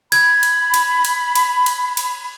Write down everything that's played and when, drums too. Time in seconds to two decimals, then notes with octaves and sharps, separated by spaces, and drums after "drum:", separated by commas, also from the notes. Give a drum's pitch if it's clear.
0.12 B5 G#6, drum: cymbal
0.43 drum: cymbal
0.74 drum: cymbal
1.05 drum: cymbal
1.35 drum: cymbal
1.66 drum: cymbal
1.97 drum: cymbal